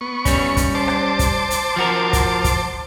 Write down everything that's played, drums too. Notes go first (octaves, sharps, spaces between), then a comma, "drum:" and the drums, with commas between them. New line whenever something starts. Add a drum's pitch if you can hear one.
B3 C#6
G3 C#4, drum: kick, hi-hat
drum: kick, hi-hat
C5 A5 D6
drum: rim click
drum: kick, hi-hat
drum: hi-hat
F3 F#4 A#4
drum: kick, hi-hat
drum: kick, hi-hat